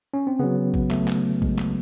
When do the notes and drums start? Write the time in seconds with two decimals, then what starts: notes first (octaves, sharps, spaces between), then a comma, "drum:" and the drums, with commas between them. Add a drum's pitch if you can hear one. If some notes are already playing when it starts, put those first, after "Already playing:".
0.14 C#4
0.27 C4
0.39 C#3 F#3 B3
0.74 drum: kick A1
0.91 A3, drum: clap
1.08 drum: clap
1.42 G#3, drum: kick A1
1.58 drum: clap